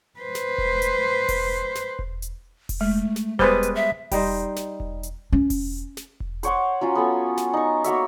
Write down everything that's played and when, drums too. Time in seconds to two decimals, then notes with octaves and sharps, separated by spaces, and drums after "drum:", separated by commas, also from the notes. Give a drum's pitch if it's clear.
0.20 B4 C5
0.35 drum: snare
0.58 drum: kick E1
0.82 drum: hi-hat
1.29 drum: kick E1, open hi-hat
1.75 drum: snare
1.99 drum: kick E1
2.22 drum: hi-hat
2.69 drum: kick E1, open hi-hat
2.81 G#3 A3
3.16 drum: snare
3.39 G3 G#3 B3 B4 C5 G#5 B5, drum: kick E1
3.63 drum: hi-hat
3.75 E5
4.11 G3 D#4 C5, drum: kick E1, open hi-hat
4.56 drum: snare
4.80 drum: kick E1
5.03 drum: hi-hat
5.33 C#4
5.50 drum: kick E1, open hi-hat
5.97 drum: snare
6.20 drum: kick E1
6.43 C5 C#5 F#5 D6, drum: hi-hat
6.81 F#3 C#4 F4
6.95 B3 A4 G#5
7.37 drum: snare
7.54 D#4 C#6
7.84 A#3 F#4 C#5 E5, drum: hi-hat